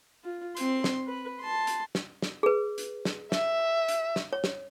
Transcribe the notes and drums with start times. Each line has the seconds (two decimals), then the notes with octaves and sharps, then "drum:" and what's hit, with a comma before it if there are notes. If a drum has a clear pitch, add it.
0.24 F4
0.57 C4 C6, drum: hi-hat
0.84 drum: snare
1.07 B4
1.41 A5 C6
1.67 drum: hi-hat
1.95 drum: snare
2.22 drum: snare
2.43 G#4 B4
2.78 drum: hi-hat
3.05 drum: snare
3.32 E5, drum: snare
3.88 drum: hi-hat
4.16 drum: snare
4.33 C#5
4.44 drum: snare